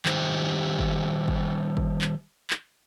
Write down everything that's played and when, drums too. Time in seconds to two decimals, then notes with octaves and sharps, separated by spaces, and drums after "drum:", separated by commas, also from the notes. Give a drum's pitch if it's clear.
0.05 D#3 G3 G4 C5, drum: clap
0.79 drum: kick
1.28 drum: kick
1.77 drum: kick
2.01 drum: clap
2.50 drum: clap